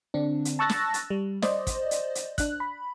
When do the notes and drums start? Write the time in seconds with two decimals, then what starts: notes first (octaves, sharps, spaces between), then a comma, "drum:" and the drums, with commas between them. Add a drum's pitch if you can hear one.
0.14 D3 C4 D4
0.45 drum: hi-hat
0.59 A5 C#6 E6 F#6 A6 A#6
0.69 drum: snare
0.94 drum: hi-hat
1.10 G3
1.42 C5 D5 D#5, drum: snare
1.67 drum: kick, hi-hat
1.91 drum: hi-hat
2.15 drum: hi-hat
2.38 D4 F#6, drum: kick, hi-hat
2.60 B5